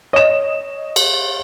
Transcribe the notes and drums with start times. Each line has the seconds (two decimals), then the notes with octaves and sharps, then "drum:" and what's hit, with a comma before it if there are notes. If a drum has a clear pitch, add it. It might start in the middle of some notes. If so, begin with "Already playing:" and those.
0.13 C#5 D#5 E7
0.96 drum: cymbal